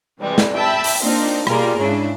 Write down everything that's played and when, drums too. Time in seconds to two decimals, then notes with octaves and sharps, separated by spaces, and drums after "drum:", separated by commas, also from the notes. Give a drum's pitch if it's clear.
0.19 C3 E3 G3 G#3
0.38 drum: snare
0.54 E5 G5 A5 B5
0.84 drum: open hi-hat
1.03 A#3 C4 D4 D#4 F4
1.47 B2 G3 A#3 F4 G#4 A#4, drum: rim click
1.79 G#2 C#3 D4 E4